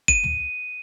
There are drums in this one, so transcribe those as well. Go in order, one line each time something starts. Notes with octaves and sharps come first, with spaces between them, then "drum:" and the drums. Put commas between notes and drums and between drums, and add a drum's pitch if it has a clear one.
D#7, drum: kick F#1
drum: tom